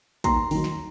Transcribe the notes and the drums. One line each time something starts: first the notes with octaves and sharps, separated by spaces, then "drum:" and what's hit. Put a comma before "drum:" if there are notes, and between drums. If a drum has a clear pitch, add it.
D#2 A#5 C6, drum: kick, hi-hat
D#3 F#3, drum: open hi-hat
drum: snare